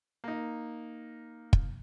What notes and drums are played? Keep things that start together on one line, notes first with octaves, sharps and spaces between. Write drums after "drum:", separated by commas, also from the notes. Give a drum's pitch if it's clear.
A#3 D#4
drum: kick